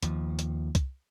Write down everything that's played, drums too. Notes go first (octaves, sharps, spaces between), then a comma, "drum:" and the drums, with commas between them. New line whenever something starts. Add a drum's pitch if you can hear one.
D#2 F3, drum: hi-hat
drum: hi-hat
drum: kick C2, hi-hat